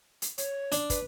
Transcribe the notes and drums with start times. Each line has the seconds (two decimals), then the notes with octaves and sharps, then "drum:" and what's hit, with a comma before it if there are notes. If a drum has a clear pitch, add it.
0.22 drum: hi-hat
0.38 C#5, drum: hi-hat
0.72 D4, drum: hi-hat
0.90 B4, drum: kick, hi-hat